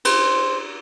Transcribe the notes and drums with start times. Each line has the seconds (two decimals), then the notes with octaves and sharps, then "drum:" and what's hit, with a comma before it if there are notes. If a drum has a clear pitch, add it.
0.05 C5, drum: cymbal